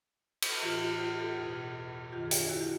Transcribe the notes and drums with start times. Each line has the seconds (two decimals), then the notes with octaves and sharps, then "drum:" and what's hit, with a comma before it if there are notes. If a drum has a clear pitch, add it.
0.42 drum: cymbal
0.63 A2 E3 F4 G4
0.81 F4 G4
1.00 F4 G4
1.18 G4 A4
1.37 E2 B2
2.12 F#2 D#3 F4 G4
2.25 G#4
2.31 F4 G4, drum: hi-hat
2.49 E4 F#4
2.61 G4